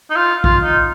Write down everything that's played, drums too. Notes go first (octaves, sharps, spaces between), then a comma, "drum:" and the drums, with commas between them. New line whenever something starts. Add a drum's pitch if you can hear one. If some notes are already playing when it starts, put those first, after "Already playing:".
D#4
F4
F4, drum: kick
D#4